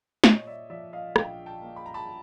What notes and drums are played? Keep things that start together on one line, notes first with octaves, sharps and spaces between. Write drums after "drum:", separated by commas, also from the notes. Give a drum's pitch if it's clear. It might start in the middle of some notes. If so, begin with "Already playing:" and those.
A#2 C#5 D#5, drum: snare
D5 E5
F3 D5 E5
D#5 F5
A#1 F5 G5, drum: rim click
G5 A5
A#3
B5
A#5
A5 B5